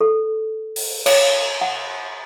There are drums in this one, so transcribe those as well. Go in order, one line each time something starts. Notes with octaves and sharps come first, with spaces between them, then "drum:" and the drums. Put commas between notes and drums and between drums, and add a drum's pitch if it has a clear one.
A4
drum: open hi-hat
C#5, drum: cymbal
F#5